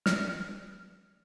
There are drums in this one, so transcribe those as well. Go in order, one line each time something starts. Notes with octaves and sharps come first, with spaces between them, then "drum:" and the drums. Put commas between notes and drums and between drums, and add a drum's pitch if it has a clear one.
F6, drum: snare